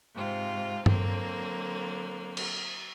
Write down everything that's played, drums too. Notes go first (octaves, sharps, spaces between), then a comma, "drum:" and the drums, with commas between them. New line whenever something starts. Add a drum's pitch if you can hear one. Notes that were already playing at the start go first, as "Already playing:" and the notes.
G#2 C3 C4 F4
D3 F#3 A#3 C4, drum: tom G2
drum: cymbal